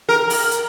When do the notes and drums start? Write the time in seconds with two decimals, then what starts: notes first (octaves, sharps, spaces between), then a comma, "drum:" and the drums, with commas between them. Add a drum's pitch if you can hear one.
0.09 A#4
0.30 drum: open hi-hat
0.51 drum: hi-hat